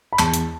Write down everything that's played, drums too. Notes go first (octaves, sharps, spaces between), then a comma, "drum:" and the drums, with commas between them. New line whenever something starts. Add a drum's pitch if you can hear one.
B5
E2 A5, drum: clap
drum: hi-hat